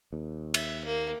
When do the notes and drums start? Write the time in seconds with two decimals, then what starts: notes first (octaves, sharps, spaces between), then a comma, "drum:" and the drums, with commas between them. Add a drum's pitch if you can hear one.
0.13 D#2
0.54 E5, drum: cymbal
0.85 A#3